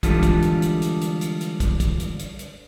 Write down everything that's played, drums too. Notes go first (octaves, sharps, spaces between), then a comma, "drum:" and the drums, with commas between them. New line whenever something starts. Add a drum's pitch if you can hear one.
D3 E3 G3 G#3 F4 A4, drum: kick, hi-hat
drum: kick, hi-hat
drum: hi-hat
drum: hi-hat
drum: hi-hat
drum: hi-hat
drum: hi-hat
drum: hi-hat
drum: kick, hi-hat
drum: kick, hi-hat
drum: hi-hat
drum: hi-hat
drum: hi-hat